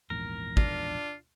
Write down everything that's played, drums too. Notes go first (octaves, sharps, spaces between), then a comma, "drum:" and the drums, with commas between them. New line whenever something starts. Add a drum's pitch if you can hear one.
A#1 E2 G#2 A#4
D4 F4, drum: kick